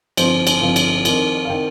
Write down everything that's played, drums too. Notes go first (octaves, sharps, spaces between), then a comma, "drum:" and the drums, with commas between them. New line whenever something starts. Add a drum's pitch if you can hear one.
G1 F2 F3 C4 C5, drum: cymbal
drum: cymbal
G1 F2 F3 C4 F5
drum: cymbal
F2 D#3 C4, drum: cymbal
F5
D#3 C4 G5